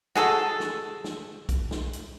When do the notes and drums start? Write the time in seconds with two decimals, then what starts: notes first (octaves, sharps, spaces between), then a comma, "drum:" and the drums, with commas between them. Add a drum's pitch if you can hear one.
0.15 F#4 G#4 A4, drum: snare
0.60 drum: snare
1.04 drum: snare
1.49 drum: kick, hi-hat
1.71 drum: snare
1.93 drum: hi-hat